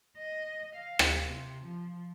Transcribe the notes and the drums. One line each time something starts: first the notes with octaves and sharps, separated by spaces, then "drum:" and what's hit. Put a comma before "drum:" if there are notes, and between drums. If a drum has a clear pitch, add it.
D#5
F5
drum: rim click
C3
F3